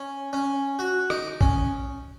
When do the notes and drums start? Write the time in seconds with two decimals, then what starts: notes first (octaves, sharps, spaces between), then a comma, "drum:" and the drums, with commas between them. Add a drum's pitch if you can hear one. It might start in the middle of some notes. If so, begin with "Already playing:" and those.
Already playing: C#4
0.33 C#4
0.79 F#4
1.10 D#4, drum: rim click
1.41 C#4, drum: kick A#1